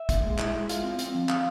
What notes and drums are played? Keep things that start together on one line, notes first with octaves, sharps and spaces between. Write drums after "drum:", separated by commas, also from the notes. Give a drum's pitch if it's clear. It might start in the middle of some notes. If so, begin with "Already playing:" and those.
Already playing: E5
A#2, drum: kick, hi-hat
G#3
E4, drum: clap
G#3
F4 F5, drum: hi-hat
C4
C4, drum: hi-hat
F3
F3 F5, drum: clap